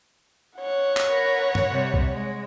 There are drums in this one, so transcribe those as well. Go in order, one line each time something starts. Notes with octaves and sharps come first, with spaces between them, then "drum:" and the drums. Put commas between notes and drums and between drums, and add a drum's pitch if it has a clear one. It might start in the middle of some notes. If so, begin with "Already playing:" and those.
C#5 F#5
drum: clap
A#4 B4
drum: tom G2
C3 G3
drum: kick B1
G#3